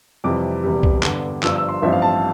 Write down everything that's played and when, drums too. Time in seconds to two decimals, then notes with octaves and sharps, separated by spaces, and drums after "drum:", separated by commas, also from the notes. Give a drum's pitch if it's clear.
0.24 F2 C3 E3 G3 D6
0.63 E1 E2 C3 G3
0.83 drum: kick B1
1.03 G2 D3 G3 B3, drum: clap
1.43 G1 G2 F3 E6, drum: clap
1.56 E6
1.69 C6
1.82 A1 G2 F3 C4 E5
1.92 F5
2.02 A5